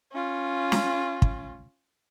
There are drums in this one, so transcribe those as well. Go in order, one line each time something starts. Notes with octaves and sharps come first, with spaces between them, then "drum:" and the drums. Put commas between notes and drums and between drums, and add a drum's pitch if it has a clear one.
C#4 F4
drum: snare
drum: kick